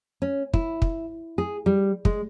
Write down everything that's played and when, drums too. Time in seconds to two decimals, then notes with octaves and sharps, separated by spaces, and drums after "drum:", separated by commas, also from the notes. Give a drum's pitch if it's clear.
0.22 C#4
0.54 E4, drum: kick
0.82 drum: kick
1.38 G#4
1.66 G3
2.05 G#3, drum: kick